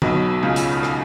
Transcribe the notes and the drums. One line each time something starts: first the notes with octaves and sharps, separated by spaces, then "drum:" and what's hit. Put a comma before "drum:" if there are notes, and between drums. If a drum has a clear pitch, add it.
B1 B2, drum: tom
C#2 C#3
drum: hi-hat
drum: rim click